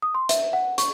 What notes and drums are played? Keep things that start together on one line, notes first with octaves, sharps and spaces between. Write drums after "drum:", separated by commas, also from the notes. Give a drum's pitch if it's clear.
D#6
C6
E5, drum: hi-hat
F#5
C#6, drum: hi-hat